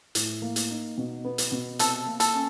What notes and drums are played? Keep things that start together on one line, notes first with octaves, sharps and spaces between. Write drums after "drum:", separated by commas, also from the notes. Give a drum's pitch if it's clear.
A2, drum: hi-hat
A#3
drum: hi-hat
D#4
B2
B3
drum: hi-hat
B2
C3 A4, drum: hi-hat
A#3
A4, drum: hi-hat
C#4